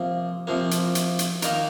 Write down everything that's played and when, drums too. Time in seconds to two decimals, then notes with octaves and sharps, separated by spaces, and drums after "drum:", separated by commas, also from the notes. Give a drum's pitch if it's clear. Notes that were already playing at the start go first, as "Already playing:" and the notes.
Already playing: C3 F3 A#3
0.47 C3 F3 A#3
0.71 drum: hi-hat
0.95 drum: hi-hat
1.19 drum: hi-hat
1.42 D#3 A#3 D#4 A#4, drum: hi-hat